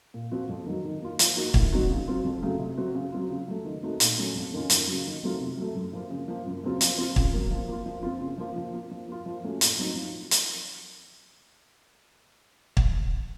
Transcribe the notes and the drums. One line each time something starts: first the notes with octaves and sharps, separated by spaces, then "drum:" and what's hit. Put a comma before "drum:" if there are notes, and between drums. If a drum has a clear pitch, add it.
A#2
F3 C4 F#4
F2
D#3 F#3
D#3
A#3 F4
F3, drum: hi-hat
A#3 D#4 F#4
A2, drum: kick
F#3 C4 D#4 F#4
C#3
F#3 C4 F4
F2
C#3 F#3 A3
C3
F#3 C4 F#4
C#3
F#3 C4 F4
C#3
F#3 A3
D#3
A3 C4 D#4 F#4
A#2, drum: hi-hat
F#3 A3 C#4
F2
D#3 A#3 C#4 F4
F#2, drum: hi-hat
C#3 F#3
D#3
F#3 A3 C4 F4
C3
F#3 A3
F#2
F3 A#3 F4
C#3
F3 A#3
F#2
C#3 F#3 C4 F4
F3, drum: hi-hat
C4 F4
C#3, drum: kick
F#3 A#3
F3
A#3 F4
F3
C4 F4
C#3
F3 A#3 F4
F3
A#3 F4
F3
A#3 F4
F3
A3 C#4 F#4
A2, drum: hi-hat
F#3 C4 D#4
F3
drum: hi-hat
drum: kick